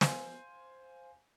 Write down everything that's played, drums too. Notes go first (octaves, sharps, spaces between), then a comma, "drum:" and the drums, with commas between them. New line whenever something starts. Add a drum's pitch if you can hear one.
C5 F5 G#5, drum: snare